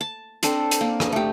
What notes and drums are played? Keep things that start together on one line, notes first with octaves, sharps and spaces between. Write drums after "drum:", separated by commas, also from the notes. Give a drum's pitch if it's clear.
A5
C4 D4 A4 C5, drum: hi-hat
drum: hi-hat
A#3
drum: rim click
A3 G4